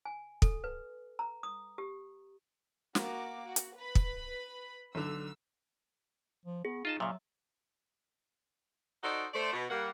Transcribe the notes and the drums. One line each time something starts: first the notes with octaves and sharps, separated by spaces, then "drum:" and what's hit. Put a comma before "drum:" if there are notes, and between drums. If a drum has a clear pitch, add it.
G#5
A4, drum: kick
B4
A#5
D#6
G4
A#3 F#4 D6, drum: snare
F#4
drum: hi-hat
B4 B5
drum: kick
B1 D3 E6
F3
B3 G#4
D#4 F4 D#5 A5
A#2 C#3 F#3 E5 E6
D#4 F#4 A4 C5 D5 D#5
A3 C5 D5
B2
G3 A#3 F#5